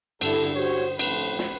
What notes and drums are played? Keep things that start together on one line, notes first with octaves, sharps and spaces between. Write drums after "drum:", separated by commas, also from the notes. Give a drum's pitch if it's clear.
G2 D3 E4 A4, drum: cymbal
F#4 G4 C5 C#5
F2 A2 F3 B4, drum: cymbal
drum: snare